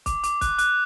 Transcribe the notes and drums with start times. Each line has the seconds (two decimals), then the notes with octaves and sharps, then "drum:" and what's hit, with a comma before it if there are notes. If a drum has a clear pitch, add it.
0.06 D6, drum: kick, hi-hat
0.24 D6, drum: hi-hat
0.41 F#6, drum: kick, hi-hat
0.58 F#6, drum: hi-hat